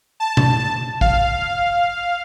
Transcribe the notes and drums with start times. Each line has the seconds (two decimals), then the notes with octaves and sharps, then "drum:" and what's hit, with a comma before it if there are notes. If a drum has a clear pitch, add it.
0.20 A5
0.37 drum: tom
1.01 F5, drum: kick